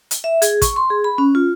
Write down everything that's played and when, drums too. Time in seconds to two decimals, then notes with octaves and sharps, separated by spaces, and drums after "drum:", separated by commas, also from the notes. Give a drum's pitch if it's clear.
0.11 drum: hi-hat
0.24 E5
0.42 G#4, drum: hi-hat
0.62 C#6, drum: kick, hi-hat
0.76 C6
0.90 G#4
1.04 B5
1.18 C#4
1.35 F4